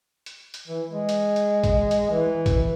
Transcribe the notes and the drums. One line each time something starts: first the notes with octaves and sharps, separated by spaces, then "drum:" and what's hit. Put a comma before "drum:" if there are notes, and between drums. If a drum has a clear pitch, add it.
drum: hi-hat
drum: hi-hat
E3
G#3
drum: hi-hat
drum: hi-hat
drum: kick, hi-hat
drum: hi-hat
E3
drum: kick, hi-hat